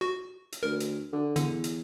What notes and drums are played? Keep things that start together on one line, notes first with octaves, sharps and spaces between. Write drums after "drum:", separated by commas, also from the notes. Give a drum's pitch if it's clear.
F#4
drum: hi-hat
D2 A#4
drum: hi-hat
D3
E2 D3, drum: hi-hat
drum: hi-hat